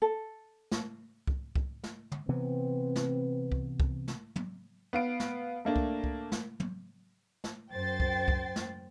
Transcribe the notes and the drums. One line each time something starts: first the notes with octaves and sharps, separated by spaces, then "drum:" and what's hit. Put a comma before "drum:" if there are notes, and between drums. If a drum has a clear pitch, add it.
A4
drum: snare
drum: kick C2
drum: kick C2
drum: snare
drum: tom
C3 E3 B3 C4 B4
drum: snare
drum: kick C2
drum: kick C2
drum: snare
drum: tom
B3 F5 D7
drum: snare
A3 A#3 D4
drum: kick C2
drum: kick C2
drum: snare
drum: tom
drum: snare
F#2 C5 G5 A6 C7
drum: kick C2
drum: kick C2
drum: snare